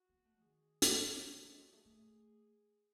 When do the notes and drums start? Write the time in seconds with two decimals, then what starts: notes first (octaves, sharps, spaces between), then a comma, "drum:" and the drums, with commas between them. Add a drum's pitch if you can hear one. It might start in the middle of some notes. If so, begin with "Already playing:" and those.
Already playing: F#4
0.09 B3
0.25 A3
0.41 D#3 G#4
0.82 drum: hi-hat
1.36 F#3 G#4
1.49 G#3
1.61 F#3
1.73 A3
1.84 A3